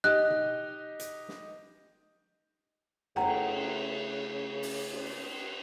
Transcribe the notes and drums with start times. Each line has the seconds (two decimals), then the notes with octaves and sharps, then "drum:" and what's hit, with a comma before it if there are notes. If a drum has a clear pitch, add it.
0.04 D#4 G4 D#5 F#6
0.31 drum: tom B2
1.00 drum: hi-hat
1.29 drum: snare
3.16 C#3 A3 C#4 E4 F#5 G5 A#5, drum: cymbal
4.63 drum: open hi-hat
4.92 drum: cymbal